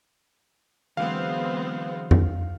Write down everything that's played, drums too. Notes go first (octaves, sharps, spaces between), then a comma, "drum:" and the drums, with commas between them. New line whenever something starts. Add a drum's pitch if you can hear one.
D3 E3 F#3 G#3 B3 C4 F5
drum: tom F2